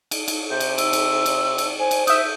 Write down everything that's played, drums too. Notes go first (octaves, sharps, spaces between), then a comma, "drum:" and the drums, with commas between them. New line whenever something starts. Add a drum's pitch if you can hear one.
drum: cymbal
drum: cymbal
C3 G6
drum: cymbal
E6, drum: cymbal
drum: cymbal
drum: cymbal
drum: cymbal
C5 G#5
drum: cymbal
E5 D#6 G6, drum: cymbal